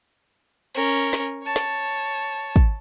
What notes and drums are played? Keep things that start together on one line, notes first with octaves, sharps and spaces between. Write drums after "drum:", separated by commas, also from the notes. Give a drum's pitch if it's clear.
C#4 A#4, drum: hi-hat
drum: snare
C#5 A5
drum: snare
drum: kick